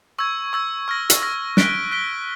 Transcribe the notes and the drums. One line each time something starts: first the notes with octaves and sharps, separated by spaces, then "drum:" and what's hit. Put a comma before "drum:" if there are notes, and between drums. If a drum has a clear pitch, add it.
C#6 E6 G#6
C#6 E6 G#6
C#6 F6 A#6
drum: hi-hat
C#6 F6 A#6
F#6 B6 D7 G7, drum: snare
F#6 B6 D7 G7